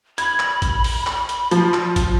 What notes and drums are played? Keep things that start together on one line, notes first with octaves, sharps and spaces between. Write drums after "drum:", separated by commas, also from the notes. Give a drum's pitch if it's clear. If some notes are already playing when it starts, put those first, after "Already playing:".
B5 G#6, drum: hi-hat
drum: clap
drum: kick A1, hi-hat
drum: open hi-hat
drum: clap
drum: hi-hat
F3, drum: hi-hat
drum: clap
drum: kick A1, hi-hat